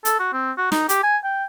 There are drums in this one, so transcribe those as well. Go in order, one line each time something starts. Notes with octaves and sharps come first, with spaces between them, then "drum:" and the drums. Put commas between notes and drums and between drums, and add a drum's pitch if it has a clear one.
A4, drum: hi-hat
F#4
C4
F#4
D#4, drum: snare
G4, drum: hi-hat
G#5
G5